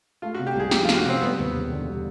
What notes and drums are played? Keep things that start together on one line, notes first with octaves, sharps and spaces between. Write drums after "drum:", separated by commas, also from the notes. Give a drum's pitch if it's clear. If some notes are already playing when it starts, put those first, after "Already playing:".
A3 F4
F#4
C3
G4
C2 G#4
F3 G4, drum: snare
F4
A3, drum: snare
F#4
C3 C4
G3 B3
D#2
E1
D3
G3